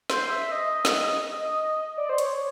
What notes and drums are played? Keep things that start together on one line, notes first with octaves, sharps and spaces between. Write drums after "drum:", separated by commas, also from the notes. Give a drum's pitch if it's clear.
C5, drum: snare
E5
D#5
drum: snare
D5
C5
C#5, drum: hi-hat